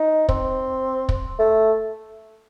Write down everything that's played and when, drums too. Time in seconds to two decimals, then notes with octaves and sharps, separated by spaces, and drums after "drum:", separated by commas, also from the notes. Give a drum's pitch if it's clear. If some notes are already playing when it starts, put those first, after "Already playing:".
Already playing: D#4
0.29 C4, drum: kick
1.09 drum: kick
1.39 A3